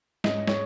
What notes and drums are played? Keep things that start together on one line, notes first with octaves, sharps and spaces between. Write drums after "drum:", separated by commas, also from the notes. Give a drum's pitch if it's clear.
G#2 G#3 C#4 D#5, drum: snare
C#5, drum: snare